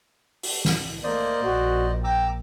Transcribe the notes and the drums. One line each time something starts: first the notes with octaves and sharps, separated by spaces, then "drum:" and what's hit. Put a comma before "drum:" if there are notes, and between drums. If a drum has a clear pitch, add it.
drum: open hi-hat
drum: snare
A3 A#3 C5 D5 D#5
A#1 A#2 F#4
G5 A#5 D6 E6